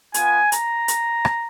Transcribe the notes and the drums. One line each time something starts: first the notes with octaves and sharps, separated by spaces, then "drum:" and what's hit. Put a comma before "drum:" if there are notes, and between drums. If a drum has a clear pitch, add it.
B3 F4 G#5, drum: hi-hat
A#5, drum: hi-hat
drum: hi-hat
drum: rim click